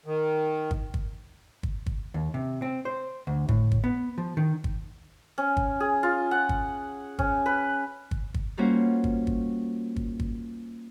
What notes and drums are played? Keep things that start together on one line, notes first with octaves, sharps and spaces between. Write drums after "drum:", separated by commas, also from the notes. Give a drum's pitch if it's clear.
D#3
drum: kick
drum: kick
drum: kick
drum: kick
D#2
C3
C4
C5
D2
A2, drum: kick
drum: kick
B3
F3
D#3
drum: kick
C#4
drum: kick
G#4
F4
F#5
drum: kick
C#4, drum: kick
B4
drum: kick
drum: kick
G3 A#3 C#4 F4 F#4 C5
drum: kick
drum: kick
drum: kick
drum: kick